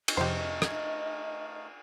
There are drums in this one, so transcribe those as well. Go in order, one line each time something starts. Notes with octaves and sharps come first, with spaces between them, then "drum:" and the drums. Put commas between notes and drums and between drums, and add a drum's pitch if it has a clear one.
drum: cymbal
F2 C3 A3 D#4 G4 C5 D#5 F5
G#6, drum: rim click